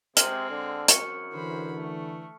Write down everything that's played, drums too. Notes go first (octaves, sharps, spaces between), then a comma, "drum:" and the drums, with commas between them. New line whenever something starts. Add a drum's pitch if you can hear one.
C3 G#3 C4 F6 F#7, drum: hi-hat
D3
F#2 C#6 C#7, drum: hi-hat
D3 E3 C5 B5
A3